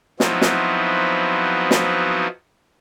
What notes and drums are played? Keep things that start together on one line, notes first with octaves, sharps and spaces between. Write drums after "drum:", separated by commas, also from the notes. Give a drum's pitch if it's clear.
F3 F#3 B3 C4 D#4 E4, drum: snare
drum: snare
drum: snare